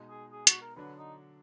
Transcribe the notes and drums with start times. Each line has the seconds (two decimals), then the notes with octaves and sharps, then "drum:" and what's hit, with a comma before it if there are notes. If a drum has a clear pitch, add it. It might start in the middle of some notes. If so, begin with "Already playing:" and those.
Already playing: B2 G#3 D#4
0.09 G#4
0.32 G#4
0.47 F#4, drum: hi-hat
0.62 A#4
0.76 D3 F#3 D4 B4
0.98 D#4